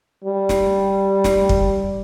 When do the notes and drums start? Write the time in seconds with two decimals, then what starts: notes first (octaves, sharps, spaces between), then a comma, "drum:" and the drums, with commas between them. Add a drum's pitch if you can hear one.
0.24 G3
0.49 drum: snare
1.24 drum: snare
1.49 drum: kick